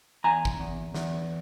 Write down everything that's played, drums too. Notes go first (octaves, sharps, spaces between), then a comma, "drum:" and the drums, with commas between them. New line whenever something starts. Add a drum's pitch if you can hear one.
E2 G#5 A#5
drum: kick G#1
E2
E2, drum: snare